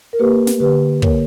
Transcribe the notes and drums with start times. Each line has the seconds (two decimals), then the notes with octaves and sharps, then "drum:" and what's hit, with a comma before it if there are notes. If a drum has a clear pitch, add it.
0.13 A#4
0.19 A#3 G4 B4
0.47 drum: snare
0.60 D3 G4 B4
1.02 A#3 A#4 C#5, drum: kick